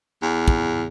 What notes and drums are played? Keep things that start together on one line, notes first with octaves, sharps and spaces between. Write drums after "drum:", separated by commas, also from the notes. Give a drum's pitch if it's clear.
E2
drum: kick